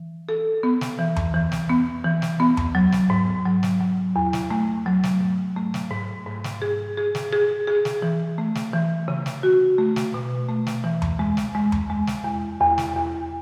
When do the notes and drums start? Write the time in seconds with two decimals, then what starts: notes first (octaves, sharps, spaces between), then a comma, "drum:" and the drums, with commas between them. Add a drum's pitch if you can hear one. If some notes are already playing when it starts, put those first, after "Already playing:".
Already playing: E3
0.29 A4
0.63 B3
0.81 drum: snare
0.99 E3
1.16 drum: tom E2
1.34 E3
1.52 drum: snare
1.69 B3
2.04 E3
2.22 drum: snare
2.40 B3
2.57 drum: tom E2
2.75 F#3
2.92 drum: snare
3.10 G#2
3.45 F#3
3.63 drum: snare
3.81 F#3
4.16 E2
4.33 drum: snare
4.51 A3
4.86 F#3
5.03 drum: snare
5.21 G#2
5.56 A3
5.74 drum: snare
5.91 G#2
6.27 G#2
6.44 drum: snare
6.62 G#4
6.98 G#4
7.15 drum: snare
7.33 G#4
7.67 G#4
7.85 drum: snare
8.02 E3
8.38 A3
8.55 drum: snare
8.73 E3
9.08 C#3
9.26 drum: snare
9.43 F#4
9.78 A3
9.96 drum: snare
10.14 B2
10.49 A3
10.67 drum: snare
10.84 E3
11.02 drum: tom E2
11.19 G#3
11.37 drum: snare
11.55 G#3
11.72 drum: tom E2
11.90 G#3
12.07 drum: snare
12.24 E2
12.60 E2
12.78 drum: snare
12.95 E2